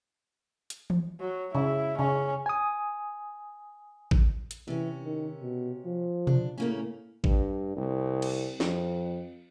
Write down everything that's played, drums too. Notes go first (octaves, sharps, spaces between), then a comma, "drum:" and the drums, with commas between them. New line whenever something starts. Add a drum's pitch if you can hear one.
drum: hi-hat
drum: tom E3
F#3
C#3 E4
C#3 C#4
G#5 D#6
drum: kick A1
drum: hi-hat
C3 E3 C#4
D#3
B2
F3
D4, drum: tom B2
A2 C#3 A#3 C#4
G2, drum: kick A1
C2
drum: cymbal
F2, drum: snare